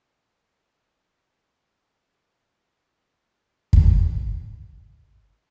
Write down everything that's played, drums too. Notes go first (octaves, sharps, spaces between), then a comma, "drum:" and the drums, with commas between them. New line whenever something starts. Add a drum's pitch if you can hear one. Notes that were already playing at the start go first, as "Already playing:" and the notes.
C3
G3
F3
E3
G3
C#4
A#4 B4 C#6
drum: kick
C4 C#4